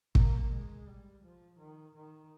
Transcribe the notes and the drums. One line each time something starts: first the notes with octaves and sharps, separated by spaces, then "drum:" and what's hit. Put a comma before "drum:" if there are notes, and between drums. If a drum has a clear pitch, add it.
A#3, drum: kick
G#3
G3
F3
D#3
D#3